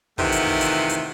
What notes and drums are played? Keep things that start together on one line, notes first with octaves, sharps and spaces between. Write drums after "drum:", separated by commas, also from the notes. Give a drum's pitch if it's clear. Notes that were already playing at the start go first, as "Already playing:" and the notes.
C3 D#3 E3 A3 F4 F#5, drum: kick
drum: hi-hat
drum: kick
drum: hi-hat
drum: hi-hat